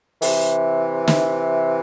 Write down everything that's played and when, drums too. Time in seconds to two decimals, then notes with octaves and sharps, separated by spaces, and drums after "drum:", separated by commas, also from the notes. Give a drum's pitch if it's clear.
0.22 C3 E3, drum: open hi-hat
1.08 drum: snare